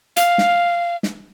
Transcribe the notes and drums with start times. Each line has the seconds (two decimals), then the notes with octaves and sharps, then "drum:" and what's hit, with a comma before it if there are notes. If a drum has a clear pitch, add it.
0.17 F5, drum: hi-hat
0.38 drum: snare
1.03 drum: snare